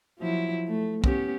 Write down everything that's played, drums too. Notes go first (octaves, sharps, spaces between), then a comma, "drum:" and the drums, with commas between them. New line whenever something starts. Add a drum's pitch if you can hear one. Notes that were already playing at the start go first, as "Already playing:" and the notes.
F3 F#3 E4
A3
B3 C#4 G4, drum: kick